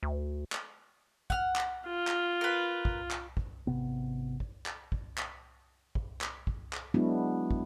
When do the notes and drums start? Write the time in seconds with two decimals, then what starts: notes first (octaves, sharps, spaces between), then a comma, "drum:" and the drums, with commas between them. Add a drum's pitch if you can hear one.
0.03 D2
0.52 drum: clap
1.30 F#5 F6, drum: kick
1.56 drum: clap
1.87 F4
2.07 drum: clap
2.41 A#4 B4
2.85 drum: kick
3.11 drum: clap
3.37 drum: kick
3.67 G#1 C3 B3
4.40 drum: kick
4.66 drum: clap
4.92 drum: kick
5.18 drum: clap
5.95 drum: kick
6.21 drum: clap
6.47 drum: kick
6.73 drum: clap
6.94 F#3 G#3 B3 D4 E4 F#4
7.50 drum: kick